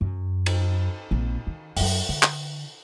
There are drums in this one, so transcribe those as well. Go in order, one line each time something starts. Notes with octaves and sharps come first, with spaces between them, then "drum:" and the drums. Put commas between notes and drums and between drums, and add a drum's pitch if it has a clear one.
F#2
drum: cymbal
A#1 C4
D#3
F#2 F#3, drum: open hi-hat
D3
drum: clap